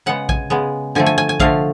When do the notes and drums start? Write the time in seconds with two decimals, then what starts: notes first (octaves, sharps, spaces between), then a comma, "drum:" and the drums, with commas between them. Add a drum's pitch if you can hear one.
0.06 C#3 G#3 B3 F#5
0.29 G#5, drum: kick A#1
0.50 C#3 G#3 B3
0.95 D3 F3 A3 G#5
1.06 G#5
1.18 G#5
1.29 G#5
1.40 D3 F3 A3 F5, drum: kick A#1